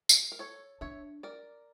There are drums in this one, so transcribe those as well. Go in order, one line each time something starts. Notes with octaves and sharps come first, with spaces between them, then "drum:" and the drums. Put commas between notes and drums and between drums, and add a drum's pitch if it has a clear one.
drum: tambourine
A#4
A4 C#5
D4 C#5 E5
A#4 D5